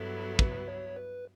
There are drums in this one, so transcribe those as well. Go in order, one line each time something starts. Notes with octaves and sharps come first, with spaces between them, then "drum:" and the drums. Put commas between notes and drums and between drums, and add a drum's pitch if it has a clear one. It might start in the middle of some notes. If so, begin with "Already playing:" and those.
Already playing: G2 F#3 B3 E4 A4
B4, drum: kick
C#5
B4